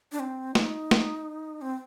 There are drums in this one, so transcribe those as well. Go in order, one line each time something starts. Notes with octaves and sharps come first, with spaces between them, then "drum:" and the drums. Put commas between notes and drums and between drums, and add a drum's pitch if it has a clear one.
D4
C4
D#4, drum: snare
drum: snare
C4